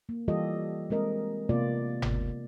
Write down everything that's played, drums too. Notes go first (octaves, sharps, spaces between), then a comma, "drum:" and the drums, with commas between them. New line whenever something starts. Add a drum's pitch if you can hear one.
A#3
E3 G3 F4 G4 A4 D#5
G#3 C4 A#4 D#5
C3 A#3 B3 F4 D5
drum: tom G1